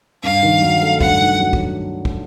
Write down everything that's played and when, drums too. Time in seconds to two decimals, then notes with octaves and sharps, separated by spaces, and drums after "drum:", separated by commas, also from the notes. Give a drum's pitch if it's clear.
0.23 G2 F5
0.43 D#3
0.62 F#3
0.82 A3
1.01 G2 F#5, drum: kick
1.21 D#3
1.40 F#3
1.53 drum: kick
2.05 drum: kick